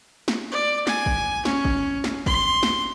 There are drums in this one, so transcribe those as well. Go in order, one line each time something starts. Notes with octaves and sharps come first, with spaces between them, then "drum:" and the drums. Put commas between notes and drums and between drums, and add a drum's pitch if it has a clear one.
drum: snare
D5
G#5, drum: snare
drum: kick
C#4, drum: snare
drum: kick
drum: snare
C6, drum: kick
drum: snare